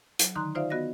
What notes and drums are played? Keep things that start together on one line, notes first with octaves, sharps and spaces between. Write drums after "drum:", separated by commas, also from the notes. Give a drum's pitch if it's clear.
F#3, drum: hi-hat
D3 D#3 D#4 A#5 C6 F#6
D#4 F4 C5 D5 E5 F5
B3 F#4 D#5 A#6